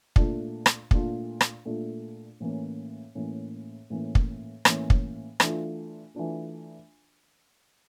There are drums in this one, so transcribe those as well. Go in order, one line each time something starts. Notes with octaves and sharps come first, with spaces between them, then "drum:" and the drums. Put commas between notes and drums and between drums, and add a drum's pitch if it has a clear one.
A#2 A3 D4 F4, drum: kick
drum: rim click
A#2 A3 D4 F4, drum: kick
drum: rim click
A#2 A3 D4 F4
A2 E3 A#3 C#4
A2 E3 A#3 C#4
A2 E3 A#3 C#4
drum: kick
A2 E3 A#3 C#4, drum: rim click
drum: kick
E3 A3 D4 F4, drum: rim click
E3 A3 D4 F4